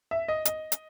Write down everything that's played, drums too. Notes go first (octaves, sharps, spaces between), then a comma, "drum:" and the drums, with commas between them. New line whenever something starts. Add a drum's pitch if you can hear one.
E5
D#5
D#5, drum: hi-hat
drum: hi-hat